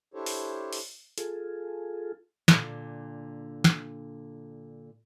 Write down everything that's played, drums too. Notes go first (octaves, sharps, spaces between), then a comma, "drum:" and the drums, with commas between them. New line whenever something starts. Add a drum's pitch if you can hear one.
D4 E4 G4 A4 C5 C#5
drum: open hi-hat
drum: open hi-hat
F4 G#4 A4, drum: hi-hat
A#2 D3, drum: snare
drum: snare